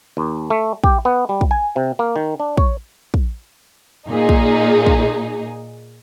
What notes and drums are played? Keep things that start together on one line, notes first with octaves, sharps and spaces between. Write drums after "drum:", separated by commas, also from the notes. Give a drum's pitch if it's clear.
D#2
A3
G4, drum: kick
B3
G3
drum: kick
G#5
C3
A#3
D#3
D4
C#5, drum: kick
drum: kick
A#2 D#4 G#4
drum: kick
drum: kick